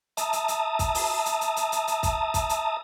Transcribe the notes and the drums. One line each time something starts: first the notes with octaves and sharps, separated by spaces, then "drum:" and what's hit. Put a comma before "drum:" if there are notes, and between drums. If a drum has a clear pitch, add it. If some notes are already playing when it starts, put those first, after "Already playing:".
E5 A5 A#5 D#6, drum: hi-hat
drum: hi-hat
drum: hi-hat
drum: kick, hi-hat
drum: open hi-hat
drum: hi-hat
drum: hi-hat
drum: hi-hat
drum: hi-hat
drum: hi-hat
drum: kick, hi-hat
drum: kick, hi-hat
drum: hi-hat